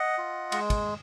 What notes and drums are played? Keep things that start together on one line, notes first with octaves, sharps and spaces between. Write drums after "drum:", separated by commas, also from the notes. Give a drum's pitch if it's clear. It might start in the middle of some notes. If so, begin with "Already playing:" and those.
Already playing: D#5 F#5
F4
G#3, drum: cymbal
drum: kick, cymbal